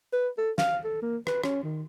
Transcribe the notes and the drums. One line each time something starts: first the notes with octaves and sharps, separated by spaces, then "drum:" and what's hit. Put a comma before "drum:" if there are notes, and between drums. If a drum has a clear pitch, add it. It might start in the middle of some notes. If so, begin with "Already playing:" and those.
B4
A4
F5, drum: snare
A4
A#3
B4, drum: rim click
C#4, drum: rim click
D#3